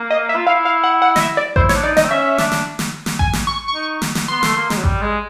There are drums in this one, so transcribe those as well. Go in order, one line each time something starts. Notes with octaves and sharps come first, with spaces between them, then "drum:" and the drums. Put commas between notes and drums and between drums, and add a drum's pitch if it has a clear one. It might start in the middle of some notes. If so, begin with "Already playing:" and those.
Already playing: A#3
D#5
E5
F4
E4 F5
F5
F#5
F#5
D#5, drum: snare
E5
D5
E4 C5, drum: kick A1
C#5, drum: snare
D4
D#4 D5
D#5, drum: snare
C4
C#4 E5
D4, drum: snare
drum: snare
drum: snare
drum: snare
G#5, drum: kick A1
drum: snare
C#6
C#6
D#4
drum: snare
drum: snare
B3 C6
A3, drum: snare
A#3
G#3, drum: snare
F#3
G3, drum: kick A1
G#3